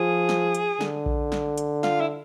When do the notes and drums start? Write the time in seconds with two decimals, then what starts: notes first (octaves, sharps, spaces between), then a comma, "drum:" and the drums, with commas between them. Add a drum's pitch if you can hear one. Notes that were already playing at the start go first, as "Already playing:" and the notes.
Already playing: F3 G#4
0.29 drum: snare
0.55 drum: hi-hat
0.81 D3, drum: snare
1.06 drum: kick A#1
1.32 drum: snare
1.58 drum: hi-hat
1.83 F4, drum: snare
2.01 E4